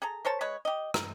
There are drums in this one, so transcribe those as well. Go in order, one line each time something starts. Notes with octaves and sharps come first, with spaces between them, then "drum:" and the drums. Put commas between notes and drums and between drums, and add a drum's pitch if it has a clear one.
G#4 A4 A#5
A#4 C5 C#5 A5
G#3 B4 C#5
G4 D#5
A#4, drum: rim click